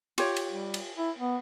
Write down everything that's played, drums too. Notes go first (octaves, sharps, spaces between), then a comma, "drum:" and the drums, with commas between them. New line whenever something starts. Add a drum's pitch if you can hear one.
F4 G4 C#5, drum: cymbal
drum: cymbal
G3
drum: cymbal
E4
B3